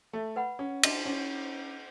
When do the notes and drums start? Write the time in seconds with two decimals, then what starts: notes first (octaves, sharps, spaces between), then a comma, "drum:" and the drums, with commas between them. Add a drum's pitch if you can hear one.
0.13 A3
0.36 B4 F#5 B5
0.59 C#4
0.83 D4, drum: cymbal
1.06 C#4